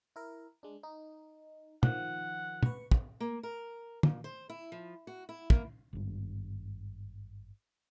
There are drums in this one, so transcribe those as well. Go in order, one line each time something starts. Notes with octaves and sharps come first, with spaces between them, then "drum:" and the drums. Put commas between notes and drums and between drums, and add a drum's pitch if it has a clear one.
E4 A#4
G#3 D4
D#4
D#3 F3 F#5, drum: tom
B4 C#6, drum: tom
drum: kick
A#3
A#4
A#2, drum: tom
C5
E4
F3
F#4
E4
A#3, drum: kick
G#1 G2